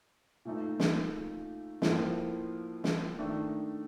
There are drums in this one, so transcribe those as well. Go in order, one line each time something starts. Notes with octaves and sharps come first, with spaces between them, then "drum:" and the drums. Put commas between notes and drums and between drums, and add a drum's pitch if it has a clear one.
A#2 A3 D#4
drum: snare
A2 F3 A#3 F4, drum: snare
drum: snare
D#3 A3 D4